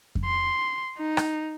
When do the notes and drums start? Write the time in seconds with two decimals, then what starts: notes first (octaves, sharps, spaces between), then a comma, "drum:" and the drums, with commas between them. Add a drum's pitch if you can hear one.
0.15 drum: kick F2
0.25 C6
0.97 D#4
1.17 drum: rim click